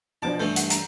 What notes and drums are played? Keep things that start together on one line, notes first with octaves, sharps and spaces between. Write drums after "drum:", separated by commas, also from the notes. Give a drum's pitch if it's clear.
B2 F3 D4 A5 D6
G2 E3 A3 G6
F#5, drum: hi-hat
A#5, drum: hi-hat